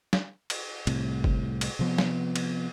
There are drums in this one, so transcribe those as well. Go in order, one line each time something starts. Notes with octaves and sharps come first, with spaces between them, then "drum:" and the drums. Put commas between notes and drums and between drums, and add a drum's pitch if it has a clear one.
drum: snare
drum: cymbal
C2 A2 C3, drum: cymbal
drum: kick G1
drum: cymbal
C3 F3 B3
drum: snare
drum: cymbal